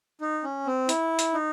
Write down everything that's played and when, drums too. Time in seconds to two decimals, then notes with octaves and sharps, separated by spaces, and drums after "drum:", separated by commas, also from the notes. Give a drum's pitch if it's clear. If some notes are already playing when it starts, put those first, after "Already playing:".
0.21 D#4
0.44 C#4
0.67 C4
0.89 E4, drum: hi-hat
1.19 drum: hi-hat
1.34 D#4